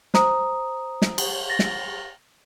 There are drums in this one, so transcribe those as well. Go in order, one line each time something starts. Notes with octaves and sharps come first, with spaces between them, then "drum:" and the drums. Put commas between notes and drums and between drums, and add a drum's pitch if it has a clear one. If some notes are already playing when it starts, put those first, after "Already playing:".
C5 A#5 D#6, drum: snare
drum: snare
drum: cymbal
A6 A#6
drum: snare